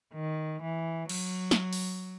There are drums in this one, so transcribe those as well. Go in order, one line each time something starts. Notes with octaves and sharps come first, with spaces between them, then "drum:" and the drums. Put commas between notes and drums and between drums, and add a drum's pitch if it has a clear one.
D#3
E3
F#3, drum: cymbal
drum: snare
drum: open hi-hat